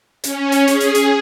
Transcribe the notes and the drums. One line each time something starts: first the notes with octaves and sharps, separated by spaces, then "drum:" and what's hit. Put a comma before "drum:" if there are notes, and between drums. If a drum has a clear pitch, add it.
C#4, drum: hi-hat
drum: hi-hat
G#4, drum: hi-hat
drum: hi-hat
drum: hi-hat